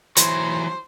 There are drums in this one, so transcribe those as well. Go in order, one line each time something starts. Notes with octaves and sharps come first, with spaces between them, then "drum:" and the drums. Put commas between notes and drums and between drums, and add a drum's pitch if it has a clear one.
E3 F#3 C5, drum: hi-hat